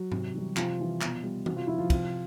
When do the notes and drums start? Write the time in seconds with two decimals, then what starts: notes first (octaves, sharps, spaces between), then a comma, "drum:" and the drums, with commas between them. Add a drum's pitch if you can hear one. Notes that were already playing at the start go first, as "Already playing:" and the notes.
Already playing: F#3 F#4
0.12 C3, drum: tom G#2
0.34 E3 G3
0.56 C3 F3 F4, drum: clap
0.79 E3 G3
1.01 B2, drum: clap
1.23 G3
1.46 C3 F#4, drum: tom E3
1.57 F4
1.67 F3 E4
1.78 F3 F4
1.90 C3, drum: kick, cymbal